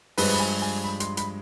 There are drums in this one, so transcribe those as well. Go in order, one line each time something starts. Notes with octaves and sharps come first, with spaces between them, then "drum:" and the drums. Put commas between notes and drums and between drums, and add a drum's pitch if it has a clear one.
G2 F3 G#3 B4, drum: open hi-hat
B5
G#5
G#5
B5
C6, drum: hi-hat
B5, drum: hi-hat